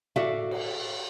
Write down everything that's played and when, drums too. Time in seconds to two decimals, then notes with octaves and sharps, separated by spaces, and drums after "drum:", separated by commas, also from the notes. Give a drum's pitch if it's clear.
0.16 F#4 A4 D5 E5 F5, drum: tom A2
0.51 drum: cymbal